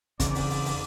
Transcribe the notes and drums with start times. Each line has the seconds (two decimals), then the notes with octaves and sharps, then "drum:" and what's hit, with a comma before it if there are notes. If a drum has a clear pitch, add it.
0.20 E2 G#2 C#3 C4 D5, drum: kick, hi-hat
0.35 drum: open hi-hat
0.50 drum: open hi-hat
0.65 drum: open hi-hat